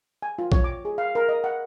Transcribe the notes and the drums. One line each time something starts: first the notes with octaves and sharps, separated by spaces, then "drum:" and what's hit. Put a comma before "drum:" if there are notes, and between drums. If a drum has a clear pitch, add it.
G#5
F4
C#5, drum: kick A#1
D6
G#4
F5
A#4
D#5
F#5